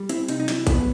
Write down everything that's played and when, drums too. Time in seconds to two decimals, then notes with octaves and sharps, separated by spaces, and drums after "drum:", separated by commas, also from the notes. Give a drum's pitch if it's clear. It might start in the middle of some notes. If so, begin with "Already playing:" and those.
Already playing: G3
0.09 C4 E4, drum: hi-hat
0.28 C3 D#4, drum: hi-hat
0.40 D#4
0.48 F#3 E4, drum: snare
0.67 B3, drum: kick A1, hi-hat